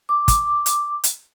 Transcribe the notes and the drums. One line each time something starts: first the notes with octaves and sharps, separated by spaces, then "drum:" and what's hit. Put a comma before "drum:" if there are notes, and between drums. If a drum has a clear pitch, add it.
D6
drum: kick, hi-hat
drum: hi-hat
drum: hi-hat